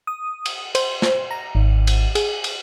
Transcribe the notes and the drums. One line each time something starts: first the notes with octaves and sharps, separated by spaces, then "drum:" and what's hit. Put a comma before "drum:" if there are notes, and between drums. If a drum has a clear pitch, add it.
D#6
drum: cymbal
C5, drum: cymbal
drum: snare
A#5
G#1
drum: cymbal
G#4, drum: cymbal
drum: cymbal